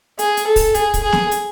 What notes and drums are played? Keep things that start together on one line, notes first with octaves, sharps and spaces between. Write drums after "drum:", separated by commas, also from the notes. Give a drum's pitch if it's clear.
G#4, drum: hi-hat
drum: hi-hat
A4
drum: kick, open hi-hat
G#4, drum: hi-hat
drum: kick, hi-hat
G#4
drum: snare
drum: hi-hat